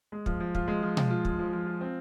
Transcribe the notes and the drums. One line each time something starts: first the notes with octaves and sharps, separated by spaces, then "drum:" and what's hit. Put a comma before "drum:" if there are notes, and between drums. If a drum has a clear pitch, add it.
G#3
F3, drum: kick
F3
F4, drum: kick
G#3
F3
F3, drum: tom B2
F4
G#3, drum: kick
F3
F3
F4
C4